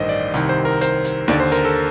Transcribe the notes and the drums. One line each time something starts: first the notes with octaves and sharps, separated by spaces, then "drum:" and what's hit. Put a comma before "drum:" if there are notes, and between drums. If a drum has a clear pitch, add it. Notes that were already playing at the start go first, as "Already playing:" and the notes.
Already playing: A1 G2 D#3 A#4 C5 D#5
D5
C2 C3 D#3, drum: hi-hat
C5
A#4
C5, drum: hi-hat
drum: hi-hat
D#2 D3 D5, drum: snare D#4
C5
A#4, drum: hi-hat
A4